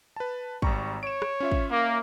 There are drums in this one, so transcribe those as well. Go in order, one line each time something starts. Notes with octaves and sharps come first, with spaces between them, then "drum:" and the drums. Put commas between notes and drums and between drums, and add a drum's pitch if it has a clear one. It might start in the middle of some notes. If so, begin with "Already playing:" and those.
B4 A5
G#1 G3 A#5 C#6, drum: kick
C#5 D7 E7
drum: rim click
C#4 F4 E5
drum: kick
A#3